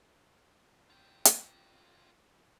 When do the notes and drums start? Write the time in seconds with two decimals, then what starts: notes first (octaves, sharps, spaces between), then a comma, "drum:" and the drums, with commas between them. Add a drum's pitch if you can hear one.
0.90 F4 G5
1.25 drum: hi-hat